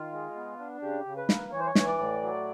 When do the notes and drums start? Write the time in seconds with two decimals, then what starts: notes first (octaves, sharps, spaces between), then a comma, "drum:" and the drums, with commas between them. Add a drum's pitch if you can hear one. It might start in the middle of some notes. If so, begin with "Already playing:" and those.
Already playing: D#3 F4
0.13 G#3
0.35 B3
0.59 D4
0.82 C#3 G4
1.05 C#3
1.17 B4
1.29 A#3, drum: snare
1.52 E3 C#5
1.60 C5
1.67 C#5
1.75 E3, drum: snare
1.87 D5
1.99 A2
2.23 F#3